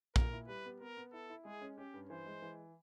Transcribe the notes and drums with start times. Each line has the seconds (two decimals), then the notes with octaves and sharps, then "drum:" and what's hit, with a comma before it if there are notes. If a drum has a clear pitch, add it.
0.16 A#2 A#4, drum: kick
0.32 E4
0.48 G3 B4
0.65 B3
0.80 B3 A#4
0.97 B3
1.12 E4 A4
1.30 E4
1.45 G#3 G#4
1.61 C#4
1.77 C#4 G4
1.94 G2
2.09 E3 C5
2.26 G#3
2.42 E3